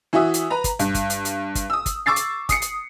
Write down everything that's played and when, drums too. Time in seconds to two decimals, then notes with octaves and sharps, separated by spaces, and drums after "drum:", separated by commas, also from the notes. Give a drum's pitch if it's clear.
0.13 E3 F#4 E5 D#6
0.34 drum: hi-hat
0.50 B4 A#5
0.64 drum: kick, hi-hat
0.79 G2, drum: hi-hat
0.95 drum: kick, hi-hat
1.10 drum: hi-hat
1.25 drum: hi-hat
1.55 drum: kick, hi-hat
1.70 D#6 E6
1.86 drum: kick, hi-hat
2.06 C#6 D6 E6 A6 C7
2.16 drum: hi-hat
2.49 D#6 C7 C#7, drum: kick, hi-hat
2.62 drum: hi-hat